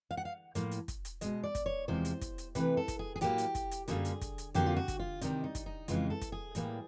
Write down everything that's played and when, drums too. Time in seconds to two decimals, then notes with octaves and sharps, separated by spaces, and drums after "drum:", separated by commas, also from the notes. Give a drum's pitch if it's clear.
0.11 F5
0.17 F#5
0.25 F5
0.55 A2 F3 A#3, drum: hi-hat
0.71 drum: hi-hat
0.88 drum: kick, hi-hat
1.05 drum: hi-hat
1.21 B2 G#3 D#5, drum: hi-hat
1.43 D5
1.55 drum: kick, hi-hat
1.66 C#5
1.88 E2 C3 F3 G#3 C5
2.05 drum: hi-hat
2.21 drum: kick, hi-hat
2.38 drum: hi-hat
2.55 C3 E3 A3 B4, drum: hi-hat
2.77 A4
2.88 drum: kick, hi-hat
2.99 G#4
3.16 G#4
3.21 A2 F#3 A#3 G4, drum: hi-hat
3.38 drum: hi-hat
3.55 drum: kick, hi-hat
3.71 drum: hi-hat
3.88 F#2 D3 G3 A#3 G#4, drum: hi-hat
4.05 drum: hi-hat
4.21 drum: kick, hi-hat
4.38 drum: hi-hat
4.54 F2 D3 F#3 A#3 G4, drum: hi-hat
4.66 F4
4.76 F#4
4.88 drum: kick, hi-hat
4.99 F4
5.21 C3 D#3 G3 D#4, drum: hi-hat
5.44 D#4
5.55 drum: kick, hi-hat
5.66 D#4
5.88 F2 C#3 E3 G#3 F4, drum: hi-hat
6.10 A4
6.21 drum: kick, hi-hat
6.32 G#4
6.55 A2 E3 G3 A#3, drum: hi-hat